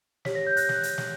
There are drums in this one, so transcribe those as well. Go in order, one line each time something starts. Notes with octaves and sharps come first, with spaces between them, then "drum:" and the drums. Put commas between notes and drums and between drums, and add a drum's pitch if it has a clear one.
G4 C#5 B6, drum: snare
A#6
G6
F#6 A#6, drum: hi-hat
drum: snare
drum: hi-hat
drum: snare